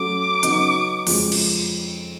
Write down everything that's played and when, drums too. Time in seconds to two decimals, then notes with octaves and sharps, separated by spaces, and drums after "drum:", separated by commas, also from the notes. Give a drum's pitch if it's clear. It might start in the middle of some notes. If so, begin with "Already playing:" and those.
Already playing: F#3 A3 C#4 D6
0.43 C#3 F#3 B3 D#4, drum: hi-hat
1.07 F2 C#3 F3 G#3 C#4, drum: open hi-hat
1.32 drum: cymbal